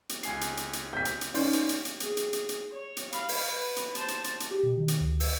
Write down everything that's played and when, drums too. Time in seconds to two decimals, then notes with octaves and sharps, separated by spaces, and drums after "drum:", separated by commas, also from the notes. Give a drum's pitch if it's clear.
0.09 drum: hi-hat
0.23 C#2 G#5 C7, drum: hi-hat
0.41 drum: hi-hat
0.57 drum: hi-hat
0.73 drum: hi-hat
0.93 G6 B6
1.05 drum: hi-hat
1.21 drum: hi-hat
1.34 C#4 D#4 D5 C6 G6, drum: open hi-hat
1.53 drum: hi-hat
1.69 drum: hi-hat
1.85 drum: hi-hat
2.00 G#4, drum: hi-hat
2.17 drum: hi-hat
2.33 drum: hi-hat
2.49 drum: hi-hat
2.72 C#5
2.97 drum: hi-hat
3.12 F5 B5, drum: hi-hat
3.29 drum: open hi-hat
3.48 B4
3.76 drum: hi-hat
3.95 C5 A5, drum: hi-hat
4.08 drum: hi-hat
4.24 drum: hi-hat
4.40 drum: hi-hat
4.51 G4
4.63 B2
4.77 D#3
4.88 drum: hi-hat
5.01 D2
5.20 E6, drum: open hi-hat